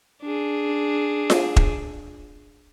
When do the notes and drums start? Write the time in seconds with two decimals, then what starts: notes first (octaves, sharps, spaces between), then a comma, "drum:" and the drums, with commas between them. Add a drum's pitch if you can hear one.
0.23 D4 G#4
1.30 drum: snare F4
1.56 drum: kick E1